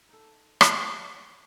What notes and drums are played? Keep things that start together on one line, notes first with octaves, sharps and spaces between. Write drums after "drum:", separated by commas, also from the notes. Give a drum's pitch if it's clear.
D#4 A4
drum: rim click